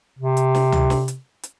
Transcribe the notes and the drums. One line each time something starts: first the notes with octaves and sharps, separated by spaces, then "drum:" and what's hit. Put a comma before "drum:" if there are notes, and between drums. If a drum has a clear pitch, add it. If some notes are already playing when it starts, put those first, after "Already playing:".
C3
drum: hi-hat
drum: snare
drum: tom C#2
drum: snare
drum: hi-hat
drum: hi-hat